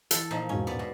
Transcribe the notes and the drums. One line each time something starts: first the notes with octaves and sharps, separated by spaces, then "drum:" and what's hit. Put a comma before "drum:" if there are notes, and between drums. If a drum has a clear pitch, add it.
E3 A4, drum: hi-hat
A#2 F3 D#4
E1 G#2 C#4
B3 D5
B2